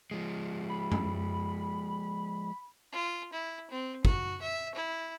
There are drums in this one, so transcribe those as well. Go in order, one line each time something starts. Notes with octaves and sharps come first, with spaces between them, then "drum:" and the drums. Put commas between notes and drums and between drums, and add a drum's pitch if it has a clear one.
F3 G#3
B5
drum: tom F#2
F4
E4
C4
F#4, drum: kick
E5
E4